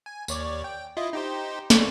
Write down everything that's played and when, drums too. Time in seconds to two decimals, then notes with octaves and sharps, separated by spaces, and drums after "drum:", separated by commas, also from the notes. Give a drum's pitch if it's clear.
0.06 G#5
0.28 D#2 C#5 D5, drum: tambourine
0.64 G5
0.97 E4 F4 D#5
1.13 D#4 G4 C5
1.70 C#5 D5, drum: snare